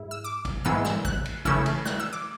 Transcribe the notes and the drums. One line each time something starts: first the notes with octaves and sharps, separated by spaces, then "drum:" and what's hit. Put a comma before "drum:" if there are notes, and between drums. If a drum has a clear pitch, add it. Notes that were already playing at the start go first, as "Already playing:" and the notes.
Already playing: G#2 G#3 E4
E6
D6
drum: kick, cymbal
G#2 E3 G#3 B3 E6
E6, drum: snare
F#6, drum: kick
drum: cymbal
C#3 E3 A3 C#4 E4 E6, drum: kick
drum: cymbal
F#6, drum: snare
E6
D6